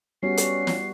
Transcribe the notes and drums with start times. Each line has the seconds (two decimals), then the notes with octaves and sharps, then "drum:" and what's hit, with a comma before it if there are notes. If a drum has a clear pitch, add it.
0.23 G3 B3 C#4 F#4 C7
0.37 drum: hi-hat
0.67 drum: snare